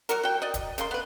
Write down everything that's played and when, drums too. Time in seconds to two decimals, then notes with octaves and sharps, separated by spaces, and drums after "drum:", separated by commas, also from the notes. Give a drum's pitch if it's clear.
0.09 F#3 F#4 A#4, drum: hi-hat
0.23 F#4 G5
0.42 D5 D#5
0.54 drum: kick D1, hi-hat
0.78 C#3 A#3 C6, drum: hi-hat
0.91 B3 B4